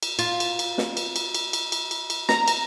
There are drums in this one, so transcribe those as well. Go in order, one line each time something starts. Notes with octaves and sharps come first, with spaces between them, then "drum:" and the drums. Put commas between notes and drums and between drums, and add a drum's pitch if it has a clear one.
drum: cymbal
F4, drum: cymbal
drum: cymbal
drum: cymbal
drum: snare
drum: cymbal
drum: cymbal
drum: cymbal
drum: cymbal
drum: cymbal
drum: cymbal
drum: cymbal
A#5, drum: snare
drum: cymbal